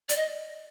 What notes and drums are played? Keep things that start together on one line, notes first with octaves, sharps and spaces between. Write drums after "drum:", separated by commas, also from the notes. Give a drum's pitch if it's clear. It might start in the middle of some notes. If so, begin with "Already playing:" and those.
D5, drum: hi-hat
D#5